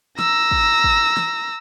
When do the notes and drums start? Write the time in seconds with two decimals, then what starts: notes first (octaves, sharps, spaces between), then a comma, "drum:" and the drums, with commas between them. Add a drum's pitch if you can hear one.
0.19 A#5 E6, drum: snare
0.51 drum: kick
0.84 drum: kick
1.17 drum: snare